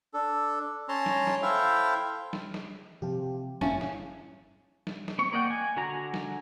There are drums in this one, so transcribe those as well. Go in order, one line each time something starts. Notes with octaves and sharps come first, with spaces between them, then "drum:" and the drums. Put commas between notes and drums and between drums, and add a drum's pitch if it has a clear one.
D4 A4
C#4 C#5 A5 A#5 C6
drum: snare
drum: snare
E4 A4 C5 E5 F5 G5
drum: snare
drum: snare
C3 F3 C4 G4
G1 F#2 A#2 C#4 E4 F5 A5, drum: snare
drum: snare
drum: snare
drum: snare
C4 C#6
A#3 D5 D#5 F#5 G5
G#5
D3 F#4 G#5 A#5
drum: snare